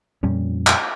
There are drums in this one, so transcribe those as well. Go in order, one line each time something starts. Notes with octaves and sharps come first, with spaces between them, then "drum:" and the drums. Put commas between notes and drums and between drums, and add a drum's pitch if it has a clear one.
F2 A#2 G3 C#4
drum: clap